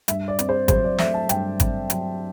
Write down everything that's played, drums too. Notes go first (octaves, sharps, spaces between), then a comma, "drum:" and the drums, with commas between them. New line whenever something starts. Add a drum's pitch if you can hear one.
G2 E5, drum: hi-hat
D5
C4, drum: hi-hat
C5
F#3 C5, drum: kick G#1, hi-hat
D5
A3 E5, drum: snare
A5
G2 G5, drum: hi-hat
C4, drum: kick G#1, hi-hat
F#3, drum: hi-hat